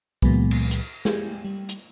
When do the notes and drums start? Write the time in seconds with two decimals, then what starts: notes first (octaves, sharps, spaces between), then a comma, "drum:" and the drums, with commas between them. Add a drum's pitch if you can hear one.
0.22 C#2 A#2 E3 F#3 G#3 B3, drum: kick
0.51 drum: cymbal
0.71 drum: hi-hat
1.05 G#3 G4 G#4, drum: snare
1.45 G3
1.69 drum: hi-hat